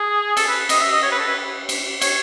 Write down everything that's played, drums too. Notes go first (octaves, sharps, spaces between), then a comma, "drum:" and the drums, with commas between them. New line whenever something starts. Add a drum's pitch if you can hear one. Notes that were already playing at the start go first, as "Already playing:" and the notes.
Already playing: G#4
A4, drum: cymbal
B4
D#5, drum: cymbal
E5
D#5
C#5
B4
A4
B4
drum: cymbal
C#5, drum: cymbal